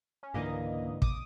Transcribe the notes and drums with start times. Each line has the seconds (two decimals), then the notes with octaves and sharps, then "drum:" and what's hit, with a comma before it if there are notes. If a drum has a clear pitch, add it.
0.23 C#4
0.34 C#2 G#2 D3 E3 A#3 D#5
1.02 D6 D#6, drum: kick